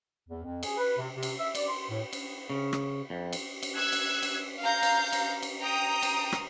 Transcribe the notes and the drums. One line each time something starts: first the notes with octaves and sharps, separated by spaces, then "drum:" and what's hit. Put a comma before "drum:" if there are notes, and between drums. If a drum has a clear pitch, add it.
E2
F2
G#4, drum: cymbal
B4
C3
C3
drum: cymbal
E5
D5, drum: cymbal
C6
A2
drum: cymbal
C#3
drum: rim click
F2
drum: cymbal
drum: cymbal
E6 F#6 G#6
drum: cymbal
drum: cymbal
F5 A#5 G6
drum: cymbal
drum: cymbal
drum: cymbal
G5 A#5 D#6
drum: cymbal
drum: rim click